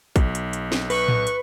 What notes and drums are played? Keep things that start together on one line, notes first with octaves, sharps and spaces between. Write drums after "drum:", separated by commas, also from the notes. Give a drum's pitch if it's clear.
B1, drum: kick, hi-hat
drum: hi-hat
drum: hi-hat
drum: snare
B4 C#6, drum: open hi-hat
drum: tom A2
drum: hi-hat